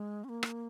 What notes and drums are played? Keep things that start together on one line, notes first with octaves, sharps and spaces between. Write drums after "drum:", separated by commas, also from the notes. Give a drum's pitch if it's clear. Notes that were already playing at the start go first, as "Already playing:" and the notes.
Already playing: G#3
C#4
A#3
drum: rim click